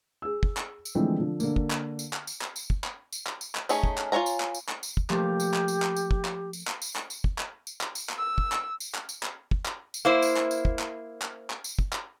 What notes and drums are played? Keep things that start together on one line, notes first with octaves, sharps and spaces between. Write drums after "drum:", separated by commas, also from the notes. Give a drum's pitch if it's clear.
G#4 E6
drum: kick
drum: clap
drum: tambourine
D3 E3 F3 G#3 A3 C4
D3 F3
D3 A#3, drum: tambourine
drum: kick
drum: clap
drum: tambourine
drum: clap
drum: tambourine
drum: clap
drum: tambourine
drum: kick
drum: clap
drum: tambourine
drum: clap
drum: tambourine
drum: clap
A3 C#4 D#4 G#4, drum: tambourine
drum: kick
drum: clap
F4 G#4 C#5 G#5 A#5
drum: tambourine
drum: clap
drum: tambourine
drum: clap
drum: tambourine
drum: kick
F3 A3 A#3 G4, drum: clap
drum: tambourine
drum: clap
drum: tambourine
drum: clap
drum: tambourine
drum: kick
drum: clap
drum: tambourine
drum: clap
drum: tambourine
drum: clap
drum: tambourine
drum: kick
drum: clap
drum: tambourine
drum: clap
drum: tambourine
drum: clap
E6
drum: kick
drum: clap
drum: tambourine
drum: clap
drum: tambourine
drum: clap
drum: kick
drum: clap
drum: tambourine
A#3 E4 C5
drum: tambourine
drum: clap
drum: tambourine
drum: kick
drum: clap
drum: clap
drum: clap
drum: tambourine
drum: kick
drum: clap